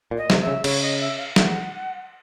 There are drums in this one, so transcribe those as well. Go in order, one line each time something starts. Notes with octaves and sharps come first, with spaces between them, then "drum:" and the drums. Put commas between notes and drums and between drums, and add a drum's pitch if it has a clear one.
A#2
D#5
C3, drum: snare
E5
C#3
C#3 C#5, drum: cymbal
D#5
E5
F5
F#5, drum: snare